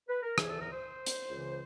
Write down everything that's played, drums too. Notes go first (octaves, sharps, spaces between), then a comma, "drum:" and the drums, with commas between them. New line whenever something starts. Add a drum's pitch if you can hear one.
B4
A#4
E2 C3 E3 G#4, drum: rim click
A4
A#4
C5
drum: hi-hat
C#2 C#3 E3